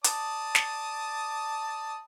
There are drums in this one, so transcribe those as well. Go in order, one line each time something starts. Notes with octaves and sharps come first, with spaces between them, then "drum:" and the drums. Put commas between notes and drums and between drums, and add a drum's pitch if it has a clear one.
D5 A5 D#6, drum: hi-hat
drum: snare